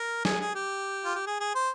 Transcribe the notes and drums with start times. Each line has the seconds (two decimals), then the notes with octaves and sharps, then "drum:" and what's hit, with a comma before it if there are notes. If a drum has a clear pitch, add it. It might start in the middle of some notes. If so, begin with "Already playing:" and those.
Already playing: A#4
0.25 G#4, drum: snare
0.40 G#4
0.55 G4
1.04 F4
1.15 G4
1.26 G#4
1.40 G#4
1.55 C5